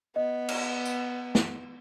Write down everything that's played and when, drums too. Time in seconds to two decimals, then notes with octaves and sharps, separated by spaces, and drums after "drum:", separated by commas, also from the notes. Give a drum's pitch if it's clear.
0.16 B3 D#5
0.48 drum: cymbal
0.85 drum: tambourine
1.35 drum: snare